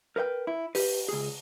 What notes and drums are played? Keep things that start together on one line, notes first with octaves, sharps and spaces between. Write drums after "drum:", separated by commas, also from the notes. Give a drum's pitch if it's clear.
A#4 B4 E5 G5
E4
G4 B4, drum: open hi-hat
C#2 G#4